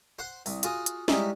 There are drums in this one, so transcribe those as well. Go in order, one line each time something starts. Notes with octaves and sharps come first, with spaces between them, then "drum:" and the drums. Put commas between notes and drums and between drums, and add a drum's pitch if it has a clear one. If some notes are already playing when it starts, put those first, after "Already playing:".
C5 F#5 C6
C2, drum: open hi-hat
F4 F#4 G#4 D#6, drum: hi-hat
drum: hi-hat
G3 G#3 C#4 D#4 E4, drum: snare